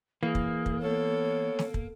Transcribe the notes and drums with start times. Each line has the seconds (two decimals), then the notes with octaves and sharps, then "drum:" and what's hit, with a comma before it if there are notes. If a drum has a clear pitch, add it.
0.23 E3 A#3 G#4
0.35 drum: kick
0.66 drum: kick
0.81 B3 A4 C#5
1.59 drum: snare
1.74 drum: kick